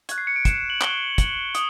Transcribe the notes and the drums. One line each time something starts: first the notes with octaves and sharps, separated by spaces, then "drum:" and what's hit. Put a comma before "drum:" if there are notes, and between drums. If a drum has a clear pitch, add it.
C#6 F#6 G#6, drum: hi-hat
C7
C#7
D7
E7, drum: kick, hi-hat
E7
F#7
C#6 F#6 G7, drum: clap
drum: kick, hi-hat
D#6, drum: hi-hat